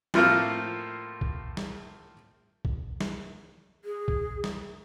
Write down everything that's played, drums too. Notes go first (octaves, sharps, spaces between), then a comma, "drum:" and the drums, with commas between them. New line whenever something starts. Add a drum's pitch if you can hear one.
A2 F3 A3 A#3 F4, drum: snare
drum: kick B1
drum: snare
drum: kick B1
drum: snare
G#4
drum: kick B1
drum: snare